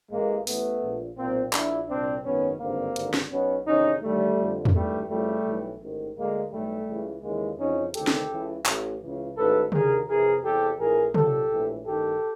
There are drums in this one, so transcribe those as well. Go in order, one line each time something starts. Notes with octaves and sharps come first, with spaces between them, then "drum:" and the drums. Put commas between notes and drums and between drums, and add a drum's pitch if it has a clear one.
A1 A2 E3 G#3 A#3
A1 A2 E3 A3 B3, drum: open hi-hat
A#1 A#2
B1 A#2 A#3 C4
A#1 A#2 D4 E4, drum: clap
C2 A#2 C4 D4
G#1 F#2 D#3 B3 C#4
G#1 G2 D3 A#3 C4
G#1 G2 D3, drum: hi-hat
drum: snare
B1 B2 B3 C#4
E2 C3 D#3 C#4 D#4
D#2 D3 G3 A3
F2 D3
drum: tom E2
G#1 G2 E3 G3 A3
F2 C#3 E3 G3 A3
B1 A2 E3
A1 G#2 D#3
D2 D3 G#3 A#3
B1 A2 E3 G3 A3
C#2 C#3 E3
D#2 C#3 E3 G#3 A#3
F2 C#3 E3 C#4 D#4
D2 C3 D#3 G4 A4, drum: hi-hat
drum: snare
C#2 C#3 E3
A1 A2 E3, drum: clap
C#2 C#3 E3
A1 G#2 D#3 A4 B4
D#2 D3 G#4 A#4, drum: tom C3
F2 C3 E3 G#4 A#4
E2 C3 E3 G4 A4
A#1 A2 E3 G#4 A#4
B1 A#2 G4 A4, drum: tom C3
A#1 A2 E3
A1 G2 D#3 G4 A4